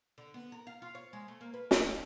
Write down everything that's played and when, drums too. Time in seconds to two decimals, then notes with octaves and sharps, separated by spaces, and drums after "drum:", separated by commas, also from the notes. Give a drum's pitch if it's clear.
0.18 D3
0.34 B3
0.52 A#4
0.67 F5
0.82 F4
0.95 C#5
1.13 G#3
1.28 A3
1.41 A#3
1.54 B4
1.71 A#4, drum: snare
1.84 G4